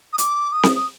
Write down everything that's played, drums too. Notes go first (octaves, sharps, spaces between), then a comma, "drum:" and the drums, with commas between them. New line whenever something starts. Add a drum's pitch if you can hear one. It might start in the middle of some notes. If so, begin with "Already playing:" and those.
D#6
D6, drum: hi-hat
D#6
drum: snare C4
D#6